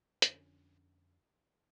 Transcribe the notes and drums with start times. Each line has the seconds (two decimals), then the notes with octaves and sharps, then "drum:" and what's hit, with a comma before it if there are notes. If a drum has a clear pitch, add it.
0.22 F2 D3 C#4 D4, drum: hi-hat